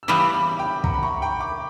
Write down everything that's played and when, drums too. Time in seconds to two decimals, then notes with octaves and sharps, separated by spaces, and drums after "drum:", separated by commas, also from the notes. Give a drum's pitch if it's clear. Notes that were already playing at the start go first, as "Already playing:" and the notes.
0.03 E6
0.08 C#3 E3 G3 B3 E4 B5 D6
0.34 B5 D6
0.59 G5 B5
0.84 F#5 A#5, drum: kick
0.94 B5
1.02 A#5 C#6
1.22 G5 B5
1.40 B5 D6